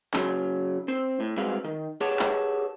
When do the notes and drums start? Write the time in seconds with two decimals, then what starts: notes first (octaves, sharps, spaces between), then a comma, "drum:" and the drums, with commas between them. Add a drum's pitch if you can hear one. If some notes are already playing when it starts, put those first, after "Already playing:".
0.14 C#3 F#3, drum: clap
0.88 C4 C5
1.20 A2
1.37 G3 G#3 C4 F#4 B4 F5
1.64 D#3
2.01 G4 G#4 B4 C#5 F#5 A5
2.19 drum: clap